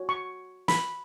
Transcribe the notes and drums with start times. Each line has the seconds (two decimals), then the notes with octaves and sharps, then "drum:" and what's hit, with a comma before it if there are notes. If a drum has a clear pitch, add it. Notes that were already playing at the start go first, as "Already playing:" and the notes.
Already playing: F#4 C#5
0.09 C#6
0.68 B5, drum: snare